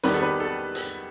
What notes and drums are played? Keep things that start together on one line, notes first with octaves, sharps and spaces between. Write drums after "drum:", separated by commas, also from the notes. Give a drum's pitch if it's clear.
E2 D#3 G3 B3 B4, drum: hi-hat
A4
B4
A4
drum: hi-hat